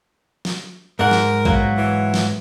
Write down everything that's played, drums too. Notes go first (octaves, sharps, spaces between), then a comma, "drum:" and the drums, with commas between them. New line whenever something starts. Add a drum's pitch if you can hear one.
drum: snare
G#2 A#4 F#5
drum: snare
F#3 A#3 B3, drum: kick A#1
E3
drum: snare